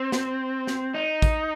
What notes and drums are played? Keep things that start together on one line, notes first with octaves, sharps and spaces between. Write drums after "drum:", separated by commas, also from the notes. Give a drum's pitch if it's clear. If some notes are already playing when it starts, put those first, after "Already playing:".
Already playing: C4
drum: snare
drum: snare
D#4
drum: kick, tambourine